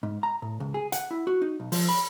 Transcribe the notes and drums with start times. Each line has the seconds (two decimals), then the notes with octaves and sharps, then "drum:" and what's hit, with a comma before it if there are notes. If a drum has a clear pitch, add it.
0.03 G#2
0.23 A#5
0.42 A2
0.60 C#2
0.74 G#4
0.92 F#5, drum: hi-hat
1.11 E4
1.27 F#4
1.42 D#4
1.60 B1
1.72 F3, drum: open hi-hat
1.89 B5